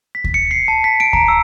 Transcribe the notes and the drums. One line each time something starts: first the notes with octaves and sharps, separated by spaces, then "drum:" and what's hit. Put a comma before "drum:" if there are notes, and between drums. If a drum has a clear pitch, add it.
B6
drum: kick D2
C#7
C7
A5
B6
D7
A#5, drum: kick D2
E6